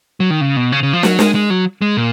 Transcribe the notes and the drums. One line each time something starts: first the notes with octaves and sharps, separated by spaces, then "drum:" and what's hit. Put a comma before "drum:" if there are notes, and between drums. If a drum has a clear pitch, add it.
F#3
D#3
C#3
B2
C#3
C#3
F3
F#3, drum: snare
G#3, drum: snare
G#3
F#3
G#3
A#2